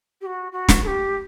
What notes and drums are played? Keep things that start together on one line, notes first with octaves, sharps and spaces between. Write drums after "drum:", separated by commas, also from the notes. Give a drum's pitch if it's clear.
G4
F#4
F#4
drum: snare
A4
G4